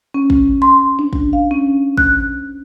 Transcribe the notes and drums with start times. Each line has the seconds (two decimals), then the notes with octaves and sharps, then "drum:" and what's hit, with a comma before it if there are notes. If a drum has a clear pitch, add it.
0.14 C#4
0.30 drum: kick
0.62 C6
0.99 D4
1.13 drum: kick
1.33 F5
1.51 C#4
1.97 F#6, drum: kick